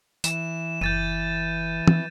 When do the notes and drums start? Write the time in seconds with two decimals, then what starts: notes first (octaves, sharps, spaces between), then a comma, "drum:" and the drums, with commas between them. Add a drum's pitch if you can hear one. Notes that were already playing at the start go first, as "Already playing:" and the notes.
0.24 E3 E7, drum: tambourine
0.81 F#1 E3 G6 A6 D#7
1.88 drum: tom